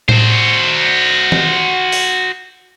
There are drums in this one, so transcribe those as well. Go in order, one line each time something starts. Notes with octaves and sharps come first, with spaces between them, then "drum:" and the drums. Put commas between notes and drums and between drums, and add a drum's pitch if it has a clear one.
F#4 C5, drum: tom A2
drum: tom E3
drum: open hi-hat